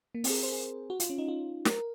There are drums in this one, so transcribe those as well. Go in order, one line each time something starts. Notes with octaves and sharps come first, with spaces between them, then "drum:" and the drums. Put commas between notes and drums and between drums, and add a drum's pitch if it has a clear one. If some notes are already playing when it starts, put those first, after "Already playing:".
A#3
C4, drum: open hi-hat
G#4
A#4
C5
G#4
F#4
F4, drum: hi-hat
C#4
D#4
F4
A#4, drum: snare